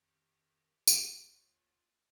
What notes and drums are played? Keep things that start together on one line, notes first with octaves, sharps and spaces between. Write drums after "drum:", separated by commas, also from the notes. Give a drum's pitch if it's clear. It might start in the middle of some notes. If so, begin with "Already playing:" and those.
Already playing: F2 D#3 G4
D#2 D3 F4, drum: tambourine